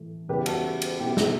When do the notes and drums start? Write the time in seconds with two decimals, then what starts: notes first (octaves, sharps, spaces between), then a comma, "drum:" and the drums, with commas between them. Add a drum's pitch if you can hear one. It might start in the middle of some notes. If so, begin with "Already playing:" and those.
Already playing: A2 E3 A3
0.28 E2 C#3 G3 C#4 E4 G4 B4
0.46 F#4 A4, drum: cymbal
0.82 drum: cymbal
0.99 B2 F#3 A3 E4 G4
1.17 drum: snare